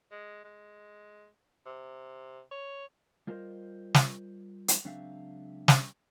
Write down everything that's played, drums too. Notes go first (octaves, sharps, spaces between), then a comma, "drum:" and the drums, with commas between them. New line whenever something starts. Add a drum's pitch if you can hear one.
G#3
G#3
C3
C#5
G3 F4 A#4 C5 D#5
drum: snare
drum: hi-hat
C#2 F#3 C4 D4 E5 F5
drum: snare